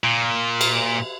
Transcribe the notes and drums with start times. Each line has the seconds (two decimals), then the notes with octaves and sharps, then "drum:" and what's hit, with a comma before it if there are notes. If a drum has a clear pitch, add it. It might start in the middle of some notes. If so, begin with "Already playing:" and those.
0.04 A#2
0.61 drum: cymbal